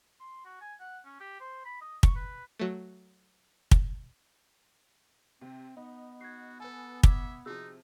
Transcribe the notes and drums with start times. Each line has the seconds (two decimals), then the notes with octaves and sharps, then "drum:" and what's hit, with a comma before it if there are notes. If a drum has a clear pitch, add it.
0.20 C6
0.45 F#4
0.61 G#5
0.80 F#5
1.05 C#4
1.20 G4
1.40 C5
1.65 B5
1.81 D#5
2.03 C#6, drum: kick
2.16 B4
2.59 F#3 A3
3.71 drum: kick
5.42 C3 C4
5.77 B3 D#4
6.21 F#4 G#6 C7
6.60 A4 B4 G#5
7.03 E5 D6 G#6, drum: kick
7.46 C3 F3 D#4 F#4 G#4 E6